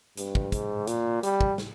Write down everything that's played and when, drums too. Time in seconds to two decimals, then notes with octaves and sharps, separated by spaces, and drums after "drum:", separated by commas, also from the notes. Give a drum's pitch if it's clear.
0.17 G2, drum: hi-hat
0.35 drum: kick
0.52 G#2, drum: kick, hi-hat
0.87 A#2, drum: hi-hat
1.23 G3, drum: hi-hat
1.41 drum: kick
1.58 drum: snare